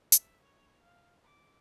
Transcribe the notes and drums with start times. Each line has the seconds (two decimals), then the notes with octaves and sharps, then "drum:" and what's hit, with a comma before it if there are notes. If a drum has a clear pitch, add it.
0.12 E5, drum: hi-hat
0.41 C#5
0.82 F5
1.23 D6